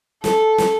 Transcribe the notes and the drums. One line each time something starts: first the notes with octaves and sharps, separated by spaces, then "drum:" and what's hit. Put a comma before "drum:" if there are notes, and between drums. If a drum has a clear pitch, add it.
A4, drum: snare
drum: snare